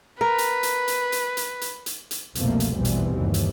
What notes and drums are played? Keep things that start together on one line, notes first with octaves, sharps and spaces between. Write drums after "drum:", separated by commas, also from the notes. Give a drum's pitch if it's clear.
A#4 B4
drum: hi-hat
drum: hi-hat
drum: hi-hat
drum: hi-hat
drum: hi-hat
drum: hi-hat
drum: hi-hat
drum: hi-hat
F1 C2 B2 F3 A3 A#3, drum: hi-hat
drum: hi-hat
A#1 E2 B2 E3 G3 C4
drum: hi-hat
G1 D#2 E3
drum: hi-hat